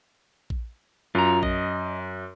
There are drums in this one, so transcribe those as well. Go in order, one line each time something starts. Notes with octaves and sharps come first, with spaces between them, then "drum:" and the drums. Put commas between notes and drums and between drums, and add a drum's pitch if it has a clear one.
drum: kick A#1
F#2 F4 A#5
D#5, drum: kick A#1